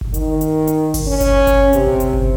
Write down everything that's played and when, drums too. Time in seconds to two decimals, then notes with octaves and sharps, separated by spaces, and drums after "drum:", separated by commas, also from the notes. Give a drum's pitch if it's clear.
0.01 drum: kick G1
0.14 D#3, drum: hi-hat
0.41 drum: hi-hat
0.67 drum: hi-hat
0.94 drum: kick G1, open hi-hat
1.07 C#4
1.20 drum: kick G1, hi-hat
1.47 drum: kick G1, hi-hat
1.73 C3, drum: hi-hat
1.87 drum: kick G1
2.00 drum: hi-hat
2.13 drum: kick G1